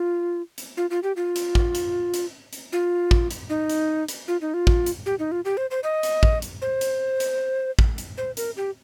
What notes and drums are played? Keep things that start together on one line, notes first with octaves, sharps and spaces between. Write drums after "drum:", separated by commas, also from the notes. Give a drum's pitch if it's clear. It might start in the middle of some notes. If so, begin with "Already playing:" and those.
Already playing: F4
drum: hi-hat
F4
F4
G4
F4
drum: hi-hat
drum: kick
drum: hi-hat
drum: hi-hat
drum: hi-hat
F4
drum: kick
drum: hi-hat
D#4
drum: hi-hat
drum: hi-hat
F4
D#4
F4
drum: kick
drum: hi-hat
G4
D#4
F4
G4
C5
C5
D#5
drum: hi-hat
drum: kick
drum: hi-hat
C5
drum: hi-hat
drum: hi-hat
drum: kick
drum: hi-hat
C5
A#4, drum: hi-hat
G4